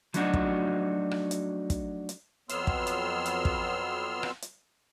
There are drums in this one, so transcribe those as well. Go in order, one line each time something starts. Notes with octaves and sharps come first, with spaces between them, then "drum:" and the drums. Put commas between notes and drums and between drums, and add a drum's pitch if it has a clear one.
F3 F#3 A3 D4 D#4 F#4, drum: hi-hat
drum: kick
drum: rim click
drum: hi-hat
drum: kick, hi-hat
drum: hi-hat
F2 F#3 B3 C6 E6 F6, drum: hi-hat
drum: kick
drum: hi-hat
drum: hi-hat
drum: kick
drum: rim click
drum: hi-hat